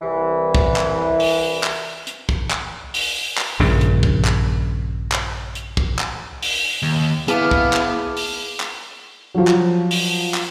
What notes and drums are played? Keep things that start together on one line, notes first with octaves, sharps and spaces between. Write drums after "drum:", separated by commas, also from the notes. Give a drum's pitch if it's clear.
C2 E3
drum: kick
drum: clap
drum: open hi-hat
drum: clap
drum: hi-hat
drum: kick
drum: clap
drum: open hi-hat
drum: clap
A#1 G2 C#3
drum: hi-hat
drum: kick
drum: clap
drum: clap
drum: hi-hat
drum: kick
drum: clap
drum: open hi-hat
D#2
B3 E4 G#4 B4 F5 A5 D6, drum: hi-hat
drum: kick
drum: clap
drum: open hi-hat
drum: clap
F3 F#3
drum: clap
drum: open hi-hat
drum: clap